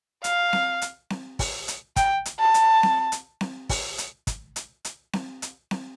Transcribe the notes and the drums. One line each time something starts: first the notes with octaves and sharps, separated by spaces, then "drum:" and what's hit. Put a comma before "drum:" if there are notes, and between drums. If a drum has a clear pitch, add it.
F5, drum: hi-hat
drum: snare C4
drum: hi-hat
drum: snare C4
drum: kick, open hi-hat
drum: hi-hat
G5, drum: kick, hi-hat
drum: hi-hat
A5
drum: hi-hat
drum: snare C4
drum: hi-hat
drum: snare C4
drum: kick, open hi-hat
drum: hi-hat
drum: kick, hi-hat
drum: hi-hat
drum: hi-hat
drum: snare C4
drum: hi-hat
drum: snare C4